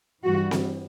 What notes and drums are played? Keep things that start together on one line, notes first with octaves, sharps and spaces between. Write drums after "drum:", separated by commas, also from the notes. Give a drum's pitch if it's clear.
G2 E3 G3 F#4
drum: snare C4